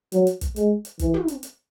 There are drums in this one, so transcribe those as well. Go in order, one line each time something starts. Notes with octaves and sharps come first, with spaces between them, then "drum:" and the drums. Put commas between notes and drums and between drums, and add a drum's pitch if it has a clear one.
F#3, drum: hi-hat
drum: hi-hat
drum: kick, hi-hat
G#3, drum: hi-hat
drum: hi-hat
E3, drum: kick, hi-hat
drum: tom
drum: hi-hat
drum: hi-hat